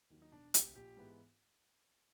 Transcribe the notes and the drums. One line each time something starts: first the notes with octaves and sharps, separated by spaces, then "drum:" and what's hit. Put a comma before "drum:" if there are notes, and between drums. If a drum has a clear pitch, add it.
D#2 D#3 F#3
D#4
E1 D4
D2 C3 G4, drum: hi-hat
A#1 G4
G#2 E3 G#3 B3